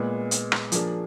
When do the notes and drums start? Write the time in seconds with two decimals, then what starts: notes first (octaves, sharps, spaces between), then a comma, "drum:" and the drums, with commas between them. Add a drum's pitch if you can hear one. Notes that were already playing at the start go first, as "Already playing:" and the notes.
Already playing: A#2 G#3 B3
0.31 drum: hi-hat
0.52 drum: rim click
0.72 F3 A#3 D4 G#4, drum: hi-hat